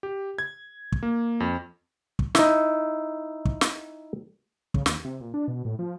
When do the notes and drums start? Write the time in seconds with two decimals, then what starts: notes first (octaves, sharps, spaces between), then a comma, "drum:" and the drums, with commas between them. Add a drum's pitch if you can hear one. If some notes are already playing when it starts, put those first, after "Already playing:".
0.03 G4
0.38 G#6
0.92 drum: kick
1.03 A#3
1.40 F2
2.19 drum: kick
2.35 D#4 E4, drum: snare
3.45 drum: kick
3.61 drum: snare
4.74 C#3, drum: kick
4.86 D#2, drum: snare
5.05 C3
5.21 A#2
5.34 D4
5.48 B2
5.65 A2
5.79 F3